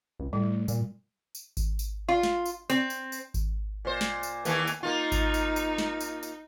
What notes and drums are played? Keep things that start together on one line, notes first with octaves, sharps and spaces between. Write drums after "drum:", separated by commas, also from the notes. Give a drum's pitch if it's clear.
C#2
A2 G3
A#2, drum: tambourine
drum: tambourine
drum: kick G#1, tambourine
drum: tambourine
F4
drum: snare
drum: tambourine
C4, drum: tambourine
drum: tambourine
drum: tambourine
drum: kick G#1, tambourine
A#2 C5
drum: snare
drum: tambourine
D#2 E3 A#3 G#5, drum: tambourine
drum: tambourine
A#3 D#4 F4
drum: kick G#1, tambourine
drum: tambourine
drum: tambourine
drum: snare
drum: tambourine
drum: tambourine